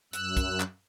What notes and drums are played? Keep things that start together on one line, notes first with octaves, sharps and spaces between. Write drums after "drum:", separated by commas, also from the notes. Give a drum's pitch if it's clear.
F#2 E6 F#6, drum: hi-hat
drum: kick, hi-hat
drum: clap